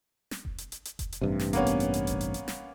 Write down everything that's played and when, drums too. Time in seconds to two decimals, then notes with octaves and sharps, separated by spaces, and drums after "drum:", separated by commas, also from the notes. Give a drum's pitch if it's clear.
0.31 drum: snare
0.45 drum: kick F1
0.58 drum: hi-hat
0.72 drum: hi-hat
0.85 drum: hi-hat
0.99 drum: kick F1, hi-hat
1.12 drum: hi-hat
1.21 A1 G2 C3
1.39 drum: snare
1.53 A#3 B3 C#4, drum: kick F1, hi-hat
1.67 drum: hi-hat
1.80 drum: hi-hat
1.94 drum: hi-hat
2.07 drum: kick F1, hi-hat
2.21 drum: hi-hat
2.34 drum: hi-hat
2.48 drum: snare